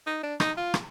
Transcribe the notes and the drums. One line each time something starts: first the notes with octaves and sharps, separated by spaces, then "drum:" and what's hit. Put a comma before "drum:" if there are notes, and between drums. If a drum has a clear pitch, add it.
D#4
D4
D#4, drum: rim click
F4
drum: rim click